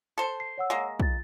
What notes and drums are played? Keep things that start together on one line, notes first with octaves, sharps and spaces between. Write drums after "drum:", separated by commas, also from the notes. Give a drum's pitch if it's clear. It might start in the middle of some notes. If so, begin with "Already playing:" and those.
A4 C5
C7
C#5 F#5 E6
G#3 A#3
F4 A6, drum: kick